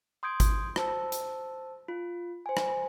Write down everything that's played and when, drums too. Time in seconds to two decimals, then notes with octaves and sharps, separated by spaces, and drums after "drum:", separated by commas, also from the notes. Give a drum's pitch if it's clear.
0.23 C6 D#6 G6 G#6 D7
0.40 drum: kick G#1, hi-hat
0.76 C5 A5 E6, drum: rim click
1.12 drum: hi-hat
1.88 F4
2.46 C5 G#5
2.57 drum: rim click